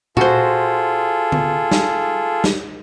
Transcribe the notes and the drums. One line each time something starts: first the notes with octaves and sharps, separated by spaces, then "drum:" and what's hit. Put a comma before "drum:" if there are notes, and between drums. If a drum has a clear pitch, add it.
F4 F#4 G#4 A4 C5, drum: tom A#2
drum: tom D3
drum: snare
drum: snare